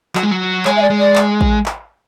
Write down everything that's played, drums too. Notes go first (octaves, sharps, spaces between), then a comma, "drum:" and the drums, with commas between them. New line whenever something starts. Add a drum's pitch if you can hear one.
F#3, drum: clap
G#3
F#3
G#3 C#5, drum: clap
E5
D5
G#3
D5
drum: clap
drum: kick A1
drum: clap